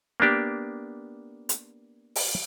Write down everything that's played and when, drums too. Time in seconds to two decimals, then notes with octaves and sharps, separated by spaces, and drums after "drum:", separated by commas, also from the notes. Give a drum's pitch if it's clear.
0.20 A#3 B3 D4 G4
1.49 drum: hi-hat
2.15 drum: open hi-hat